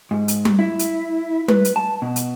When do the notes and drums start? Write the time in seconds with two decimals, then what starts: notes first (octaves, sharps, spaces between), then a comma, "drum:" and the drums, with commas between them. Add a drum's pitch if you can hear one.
0.11 G#2
0.28 drum: hi-hat
0.45 drum: tom G3
0.59 E4
0.79 drum: hi-hat
1.48 B4, drum: tom G3
1.65 drum: hi-hat
1.76 A5
2.02 B2
2.16 drum: hi-hat